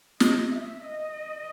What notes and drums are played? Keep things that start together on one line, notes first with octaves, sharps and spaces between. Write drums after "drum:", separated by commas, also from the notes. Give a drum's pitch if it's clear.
D#5, drum: snare
E5
D#5